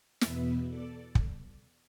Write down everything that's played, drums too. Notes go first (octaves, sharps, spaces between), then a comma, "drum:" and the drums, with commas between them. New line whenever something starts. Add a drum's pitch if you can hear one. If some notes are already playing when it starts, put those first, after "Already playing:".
E2 B2 B3 B4 E5, drum: snare
A4 D5
drum: kick